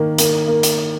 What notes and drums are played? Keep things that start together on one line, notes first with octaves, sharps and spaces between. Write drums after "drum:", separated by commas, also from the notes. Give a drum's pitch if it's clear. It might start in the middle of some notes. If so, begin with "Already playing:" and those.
Already playing: D#3 A#3
A#3, drum: hi-hat
A#3
drum: hi-hat